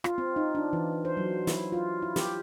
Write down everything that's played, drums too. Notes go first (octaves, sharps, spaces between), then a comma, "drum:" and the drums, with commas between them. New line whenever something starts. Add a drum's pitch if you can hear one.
F4, drum: rim click
C4
D#4
D4
E3
C5
F#3
E4, drum: snare
F4
E4
G4, drum: snare